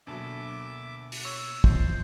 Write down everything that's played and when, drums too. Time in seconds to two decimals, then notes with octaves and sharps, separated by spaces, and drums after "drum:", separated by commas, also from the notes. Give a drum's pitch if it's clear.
0.07 D2 B2 D3 F#3 A#3 A4 E5 D6
1.12 drum: open hi-hat
1.25 C#5 C#6 E6
1.64 F4 C5 D#5 A5, drum: kick